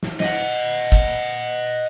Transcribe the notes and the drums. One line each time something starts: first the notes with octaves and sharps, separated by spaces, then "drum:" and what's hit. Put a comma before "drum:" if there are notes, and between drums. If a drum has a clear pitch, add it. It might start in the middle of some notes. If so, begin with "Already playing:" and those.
drum: snare
D#5 F#5, drum: snare
drum: kick
drum: hi-hat